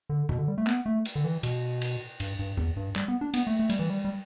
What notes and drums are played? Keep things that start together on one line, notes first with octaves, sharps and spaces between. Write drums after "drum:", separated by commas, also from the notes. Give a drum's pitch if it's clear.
D3
B2, drum: tom F#2
D3
G3
A3
B3, drum: clap
A3
drum: cymbal
D3
E3
B2, drum: cymbal
drum: cymbal
G2, drum: cymbal
G2
E2, drum: tom F#2
G2
G3, drum: clap
B3
D4
B3, drum: cymbal
A3
A3
G3, drum: cymbal
E3
G3
G3